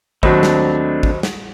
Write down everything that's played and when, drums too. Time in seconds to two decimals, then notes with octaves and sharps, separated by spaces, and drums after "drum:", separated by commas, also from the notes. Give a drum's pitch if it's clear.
0.23 D#2 F#3 A3 C4 D4 C5 D#5 B5, drum: kick G#1
0.43 drum: snare
1.03 drum: kick G#1
1.23 drum: snare